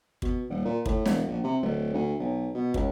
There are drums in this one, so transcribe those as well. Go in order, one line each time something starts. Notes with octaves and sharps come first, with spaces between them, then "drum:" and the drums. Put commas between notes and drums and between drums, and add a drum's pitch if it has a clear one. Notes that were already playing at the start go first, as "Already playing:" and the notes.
B2, drum: kick
D#1
A#2
A2, drum: kick
E1, drum: snare
A#1
C3
D1
D2
B1
B2
C#2, drum: kick